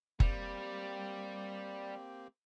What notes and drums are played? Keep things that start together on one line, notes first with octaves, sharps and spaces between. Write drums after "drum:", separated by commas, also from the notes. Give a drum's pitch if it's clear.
G3 A#3 C4 G4, drum: kick